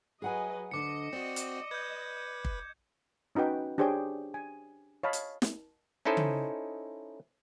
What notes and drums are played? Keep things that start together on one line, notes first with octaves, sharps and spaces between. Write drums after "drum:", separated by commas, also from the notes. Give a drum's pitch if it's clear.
F#3 G#4 B4 D#5 F#5 G#5
D2 D3 D4 D#5 D6 C#7
C4 F#4 D5
drum: hi-hat
B4 G6 G#6
drum: kick
C#4 D#4 F#4 B4 G5
D4 G4 G#4 C5 C#5 G5
G#5
C#5 D#5 F5 A5 B5
drum: hi-hat
drum: snare
C#4 D#4 E4 A4 C5 D#5
drum: tom C#3